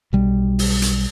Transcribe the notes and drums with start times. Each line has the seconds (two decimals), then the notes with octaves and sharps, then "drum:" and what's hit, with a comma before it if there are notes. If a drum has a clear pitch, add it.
0.13 B1 G3
0.59 drum: open hi-hat
0.82 drum: hi-hat